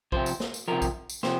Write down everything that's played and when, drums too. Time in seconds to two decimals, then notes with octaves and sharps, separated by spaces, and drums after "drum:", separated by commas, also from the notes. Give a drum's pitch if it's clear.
0.12 C3 F3 C5, drum: kick
0.26 drum: tambourine
0.40 drum: snare
0.54 drum: tambourine
0.68 C3 F3 A#4
0.82 drum: kick, tambourine
1.10 drum: tambourine
1.23 C3 F3 C5, drum: snare